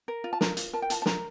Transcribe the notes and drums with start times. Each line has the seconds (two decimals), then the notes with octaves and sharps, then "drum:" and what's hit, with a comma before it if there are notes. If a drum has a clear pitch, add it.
0.08 A#4
0.24 F4
0.33 A5
0.41 A#4 A#5, drum: snare
0.57 F4, drum: hi-hat
0.73 A#4 A5
0.82 G5
0.90 F4 A5, drum: hi-hat
1.02 A5
1.06 A#4 A#5, drum: snare